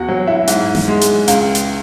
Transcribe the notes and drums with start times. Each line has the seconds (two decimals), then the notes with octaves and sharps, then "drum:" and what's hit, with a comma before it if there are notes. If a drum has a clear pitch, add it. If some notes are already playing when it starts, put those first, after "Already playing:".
Already playing: E2 F#4 F#5
0.08 F#3
0.27 E4 E5
0.47 G#2, drum: hi-hat
0.75 drum: snare
0.88 G#3
1.01 drum: hi-hat
1.28 C#2, drum: hi-hat
1.55 drum: hi-hat